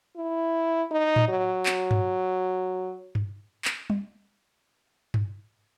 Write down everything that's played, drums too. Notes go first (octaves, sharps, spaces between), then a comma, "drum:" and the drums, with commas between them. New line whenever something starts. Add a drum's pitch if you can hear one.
E4
D#4
drum: tom A2
F#3
drum: clap
drum: tom G2
drum: tom G2
drum: clap
drum: tom G3
drum: tom G2